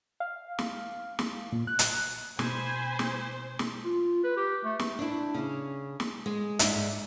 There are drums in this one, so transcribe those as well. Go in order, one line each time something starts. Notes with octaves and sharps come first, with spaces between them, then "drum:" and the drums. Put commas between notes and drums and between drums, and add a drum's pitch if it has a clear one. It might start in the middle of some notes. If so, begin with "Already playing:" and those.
F5
drum: snare
drum: snare
A#2
F#6
drum: hi-hat
B2 C5 G#5 B5, drum: snare
drum: snare
drum: snare
F4
B4
G4
A3
drum: snare
D4 E4
C#3 C#4
drum: snare
G#3
G#2 D#4 A#4 D5 E5, drum: hi-hat